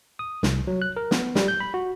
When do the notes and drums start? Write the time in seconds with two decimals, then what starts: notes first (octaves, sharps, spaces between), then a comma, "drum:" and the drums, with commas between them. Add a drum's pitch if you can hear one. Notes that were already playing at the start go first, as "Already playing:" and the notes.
0.19 D#6
0.43 C2, drum: snare
0.67 F#3
0.82 F#6
0.97 A#4
1.11 B3, drum: snare
1.35 G3, drum: snare
1.48 G6
1.60 B5
1.74 F#4